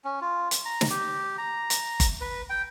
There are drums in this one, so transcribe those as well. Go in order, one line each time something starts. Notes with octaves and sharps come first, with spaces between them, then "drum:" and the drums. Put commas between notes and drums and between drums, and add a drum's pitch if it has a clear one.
C#4
F4
drum: hi-hat
A#5
drum: snare
G4
A#5
drum: hi-hat
drum: kick G1, hi-hat
B4
G5